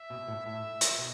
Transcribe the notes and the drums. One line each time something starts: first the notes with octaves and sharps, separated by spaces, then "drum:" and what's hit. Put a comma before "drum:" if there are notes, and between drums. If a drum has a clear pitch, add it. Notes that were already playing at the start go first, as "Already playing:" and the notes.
Already playing: E5
B2
A2
A2 E5
drum: hi-hat
B2